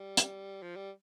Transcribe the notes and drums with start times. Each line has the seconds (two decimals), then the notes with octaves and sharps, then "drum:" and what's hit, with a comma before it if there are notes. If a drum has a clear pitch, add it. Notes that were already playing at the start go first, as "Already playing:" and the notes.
Already playing: G3
0.17 drum: hi-hat
0.62 F3
0.76 G3